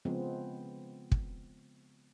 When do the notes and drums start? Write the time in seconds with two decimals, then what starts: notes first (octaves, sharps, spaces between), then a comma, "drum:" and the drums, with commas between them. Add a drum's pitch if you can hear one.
0.05 C#3 F3 G#3 B3 C4
1.12 drum: kick